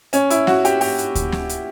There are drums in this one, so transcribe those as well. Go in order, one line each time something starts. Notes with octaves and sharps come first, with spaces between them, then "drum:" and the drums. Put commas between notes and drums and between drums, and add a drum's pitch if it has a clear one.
C#4, drum: hi-hat
E4, drum: hi-hat
F#4, drum: snare
G4, drum: hi-hat
G4, drum: open hi-hat
drum: hi-hat
drum: kick D2, hi-hat
drum: snare
drum: hi-hat